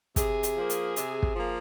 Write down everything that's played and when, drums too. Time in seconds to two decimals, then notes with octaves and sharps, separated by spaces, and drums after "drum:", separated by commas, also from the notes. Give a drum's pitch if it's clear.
0.16 C3 G#4, drum: kick, hi-hat
0.43 drum: hi-hat
0.56 F3 A#3
0.70 drum: hi-hat
0.96 C3, drum: hi-hat
1.23 drum: kick
1.36 F3 A#3